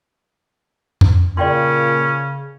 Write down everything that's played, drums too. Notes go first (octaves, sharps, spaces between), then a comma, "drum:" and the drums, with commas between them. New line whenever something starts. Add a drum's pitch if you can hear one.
drum: tom F2
A#2 C#3 C#4 D5 G5 C6